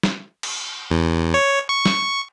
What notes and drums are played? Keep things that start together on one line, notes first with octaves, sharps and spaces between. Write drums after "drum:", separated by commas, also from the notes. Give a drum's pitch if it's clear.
drum: snare
drum: cymbal
E2
C#5
C#6
drum: snare